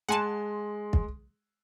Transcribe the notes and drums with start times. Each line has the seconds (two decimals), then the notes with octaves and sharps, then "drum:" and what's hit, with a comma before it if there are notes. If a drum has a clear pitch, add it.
0.09 G#3 F#5 G#5 A5 C6
0.93 drum: kick